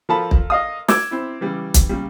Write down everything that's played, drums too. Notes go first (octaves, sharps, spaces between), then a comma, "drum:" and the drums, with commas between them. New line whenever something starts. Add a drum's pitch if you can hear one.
F3 F4 A4 A#4 A5 B5
drum: kick
D#5 F5 D#6
D6 E6 G#6, drum: snare
C4 E4
C#3 E3 G3
drum: kick, hi-hat
A#2 C#3 G3